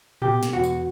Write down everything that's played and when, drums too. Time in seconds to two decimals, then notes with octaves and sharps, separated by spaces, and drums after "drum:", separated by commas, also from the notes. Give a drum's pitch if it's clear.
0.22 B2 G4, drum: tom A2
0.43 drum: snare
0.53 E2 F#4
0.63 drum: tambourine